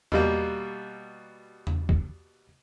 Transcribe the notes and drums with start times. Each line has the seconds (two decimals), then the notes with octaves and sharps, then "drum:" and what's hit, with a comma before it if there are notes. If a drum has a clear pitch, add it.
0.12 B2 G3 A#3, drum: tom E2
1.67 drum: tom E2
1.89 drum: kick